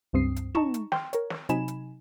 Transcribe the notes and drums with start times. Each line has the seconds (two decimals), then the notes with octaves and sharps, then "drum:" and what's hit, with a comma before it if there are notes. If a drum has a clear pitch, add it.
0.13 C#2 G2 C4 D#6 C7
0.36 drum: hi-hat
0.55 D#4 A5 A#5 C#6 E7, drum: tom
0.74 drum: hi-hat
0.92 G5 C6 F6, drum: snare
1.13 A#4 C#5, drum: hi-hat
1.30 drum: snare
1.49 C3 F#3 D#4 G#5 B5 E7, drum: hi-hat
1.68 drum: hi-hat